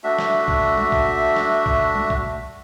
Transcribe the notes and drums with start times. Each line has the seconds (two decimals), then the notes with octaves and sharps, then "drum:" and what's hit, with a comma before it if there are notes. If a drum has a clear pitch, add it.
0.04 A3 D4 F#4 E5
0.19 drum: snare
0.48 drum: kick B1
0.78 drum: tom G3
0.92 drum: kick B1
1.36 drum: snare
1.66 drum: kick B1
1.95 drum: tom G3
2.10 drum: kick B1